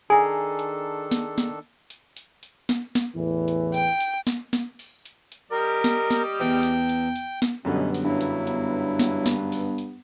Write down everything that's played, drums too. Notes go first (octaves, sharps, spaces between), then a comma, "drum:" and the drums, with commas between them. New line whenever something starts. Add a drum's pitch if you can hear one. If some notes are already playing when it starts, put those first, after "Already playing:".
D#3 D4 G#4 A4 G#5 A#5
drum: hi-hat
drum: snare
drum: snare
drum: hi-hat
drum: hi-hat
drum: hi-hat
drum: snare
drum: snare
E2 A2 E3
drum: hi-hat
G5, drum: hi-hat
drum: hi-hat
drum: snare
drum: snare
drum: open hi-hat
drum: hi-hat
drum: hi-hat
G3 G4 A#4 D#5
drum: snare
drum: snare
E2 G5
drum: hi-hat
drum: hi-hat
drum: hi-hat
drum: snare
F#2 B2 D3 G3 A3 B3 C#4
drum: open hi-hat
G2 F#3 E4
drum: hi-hat
drum: hi-hat
drum: snare
drum: snare
drum: open hi-hat
drum: hi-hat